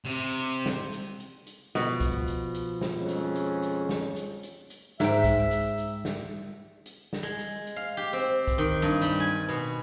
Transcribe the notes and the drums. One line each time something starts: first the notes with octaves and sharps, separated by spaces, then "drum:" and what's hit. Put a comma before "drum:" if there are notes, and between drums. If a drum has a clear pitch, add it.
C3
drum: hi-hat
drum: snare
drum: hi-hat
drum: hi-hat
drum: hi-hat
B2 F3, drum: snare
drum: kick, hi-hat
drum: hi-hat
drum: hi-hat
drum: snare
F2 G#3 C#4
drum: hi-hat
drum: hi-hat
drum: hi-hat
drum: snare
drum: hi-hat
drum: hi-hat
drum: hi-hat
G#2 E5 G5, drum: snare
drum: kick, hi-hat
drum: hi-hat
drum: hi-hat
drum: snare
drum: hi-hat
drum: snare
G#3
drum: hi-hat
drum: hi-hat
F5
G4
C4
drum: kick, hi-hat
D#3
G2
G3, drum: hi-hat
G#5
B2